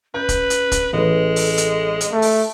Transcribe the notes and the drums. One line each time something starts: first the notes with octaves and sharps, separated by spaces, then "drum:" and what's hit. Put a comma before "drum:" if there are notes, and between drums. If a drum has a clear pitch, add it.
C#4 B4 G6
drum: kick, hi-hat
drum: hi-hat
drum: kick, hi-hat
A1 G#3 A4 B4
drum: open hi-hat
drum: hi-hat
drum: hi-hat
A3
drum: open hi-hat